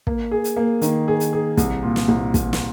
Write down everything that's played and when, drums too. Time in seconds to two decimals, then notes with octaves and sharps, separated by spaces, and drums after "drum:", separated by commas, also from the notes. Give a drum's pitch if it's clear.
0.07 A#3, drum: kick
0.31 G#4
0.44 drum: hi-hat
0.57 A#3
0.82 D#3, drum: hi-hat
1.08 G#4
1.20 drum: hi-hat
1.33 G#4
1.57 C2, drum: kick, hi-hat
1.83 A#2
1.96 drum: snare
2.08 C2
2.34 C2, drum: kick, hi-hat
2.53 drum: snare